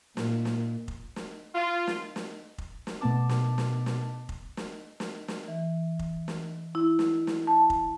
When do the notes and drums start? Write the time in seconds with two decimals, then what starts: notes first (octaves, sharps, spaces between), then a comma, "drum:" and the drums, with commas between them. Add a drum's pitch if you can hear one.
0.17 A#2, drum: snare
0.45 drum: snare
0.88 drum: kick F1
1.16 drum: snare
1.55 F4
1.87 drum: snare
2.16 drum: snare
2.58 drum: kick F1
2.87 drum: snare
3.01 B2 A3 B3 A5 D6
3.29 drum: snare
3.58 drum: snare
3.86 drum: snare
4.29 drum: kick F1
4.57 drum: snare
5.00 drum: snare
5.28 drum: snare
5.48 E3
5.99 drum: kick F1
6.28 drum: snare
6.75 E4
6.99 drum: snare
7.27 drum: snare
7.47 A5
7.70 drum: kick F1